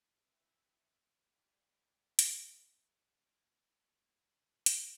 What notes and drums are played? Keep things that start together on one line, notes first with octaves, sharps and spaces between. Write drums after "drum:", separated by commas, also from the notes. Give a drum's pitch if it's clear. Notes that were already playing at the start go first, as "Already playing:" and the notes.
C4 E4 B4 E5
G#2 D5 F5 G5 G#5 B5
A4 A#4 D5 D#5 G5 A5, drum: hi-hat
A#3
F#4
A#3
B5
D3, drum: hi-hat